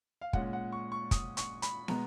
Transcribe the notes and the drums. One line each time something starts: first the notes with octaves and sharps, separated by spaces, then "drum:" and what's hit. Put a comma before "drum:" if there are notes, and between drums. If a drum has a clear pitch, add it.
F5
A#2 G#3 C#4 F#5, drum: kick
F#5
C#6
C#6
D#6, drum: kick, hi-hat
C#6, drum: hi-hat
B5, drum: hi-hat
B2 G#3 B3 A#5, drum: snare